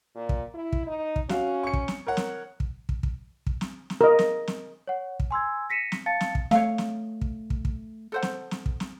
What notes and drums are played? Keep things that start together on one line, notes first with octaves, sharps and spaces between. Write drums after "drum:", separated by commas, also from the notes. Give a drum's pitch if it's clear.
A#2
drum: kick
E4
drum: kick
D#4
drum: kick
C#4 F#4 F5, drum: snare
C#6 C#7
drum: kick
drum: snare
A#4 C#5 F#5
drum: snare
drum: kick
drum: kick
drum: kick
drum: kick
drum: snare
drum: snare
A#4 D#5
drum: snare
drum: snare
C#5 F#5
drum: kick
G#5 C6 E6 G#6
A#6 B6 C#7 D#7 E7
drum: snare
F5 A5 A6 C#7
drum: snare
drum: kick
A3 C#5 F5, drum: snare
drum: snare
drum: kick
drum: kick
drum: kick
A4 C5 F#5
drum: snare
drum: snare
drum: kick
drum: snare